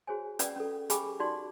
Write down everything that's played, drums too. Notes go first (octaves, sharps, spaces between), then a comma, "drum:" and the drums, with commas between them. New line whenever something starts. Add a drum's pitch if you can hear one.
F#4 G#4 C5 C#5 G#5
C#4 B4 D5 F#5 G5, drum: hi-hat
C#4 A4
G4 G#4 G5 G#5 B5 D6, drum: hi-hat
D#4 F#4 G4 D5 C6